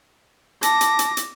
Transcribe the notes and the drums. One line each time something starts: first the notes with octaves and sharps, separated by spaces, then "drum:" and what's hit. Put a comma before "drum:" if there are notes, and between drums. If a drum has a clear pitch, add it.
A5 D6 A#6, drum: hi-hat
drum: hi-hat
drum: hi-hat
drum: hi-hat